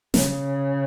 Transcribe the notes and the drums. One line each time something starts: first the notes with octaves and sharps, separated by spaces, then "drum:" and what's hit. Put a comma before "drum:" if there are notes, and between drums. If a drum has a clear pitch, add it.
C#3, drum: snare